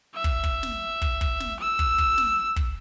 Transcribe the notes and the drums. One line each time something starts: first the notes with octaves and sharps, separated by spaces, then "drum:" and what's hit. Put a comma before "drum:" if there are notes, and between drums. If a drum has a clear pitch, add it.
E5
drum: kick
drum: kick
drum: snare
drum: kick
drum: kick
drum: snare
E6
drum: kick
drum: kick
drum: snare
drum: kick